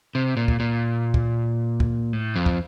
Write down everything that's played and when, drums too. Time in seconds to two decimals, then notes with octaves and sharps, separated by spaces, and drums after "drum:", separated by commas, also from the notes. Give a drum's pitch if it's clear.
0.15 C3
0.37 A#2
0.48 drum: kick
0.60 A#2
1.14 drum: kick
1.80 drum: kick
2.13 A2
2.36 F2
2.46 drum: kick